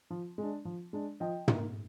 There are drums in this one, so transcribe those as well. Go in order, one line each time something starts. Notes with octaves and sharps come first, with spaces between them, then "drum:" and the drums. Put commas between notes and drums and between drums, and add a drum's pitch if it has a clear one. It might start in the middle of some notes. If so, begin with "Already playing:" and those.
F3
G#3
D4
F3
G#3 D4
F3 D#5 G5
A#3 D#4, drum: tom